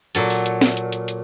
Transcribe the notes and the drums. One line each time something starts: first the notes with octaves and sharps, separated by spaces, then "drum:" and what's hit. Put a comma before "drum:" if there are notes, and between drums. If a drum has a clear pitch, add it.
A#2 F#3 A4, drum: hi-hat
drum: open hi-hat
drum: hi-hat
drum: snare
drum: hi-hat
drum: hi-hat
drum: hi-hat